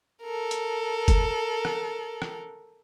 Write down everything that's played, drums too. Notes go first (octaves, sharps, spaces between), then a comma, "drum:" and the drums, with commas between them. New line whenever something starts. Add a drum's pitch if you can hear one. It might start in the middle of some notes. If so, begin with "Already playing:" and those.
A4 A#4
drum: hi-hat
drum: kick, hi-hat
drum: rim click
drum: rim click